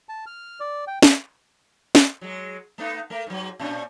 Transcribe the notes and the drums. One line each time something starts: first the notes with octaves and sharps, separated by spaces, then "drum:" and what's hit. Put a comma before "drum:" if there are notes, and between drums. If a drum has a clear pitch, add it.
A5
F6
D5
G5
drum: snare
drum: snare
F#3 G#3
A3 B3 D#4
A3 A#4
G#2 F#3
A#2 C#4 D4